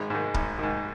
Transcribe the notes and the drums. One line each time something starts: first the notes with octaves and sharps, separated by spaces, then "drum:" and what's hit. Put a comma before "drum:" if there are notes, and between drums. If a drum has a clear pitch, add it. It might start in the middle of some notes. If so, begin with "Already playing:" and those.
Already playing: G#1 G#3
G#2 D#3
G#1, drum: kick
G#2 D#3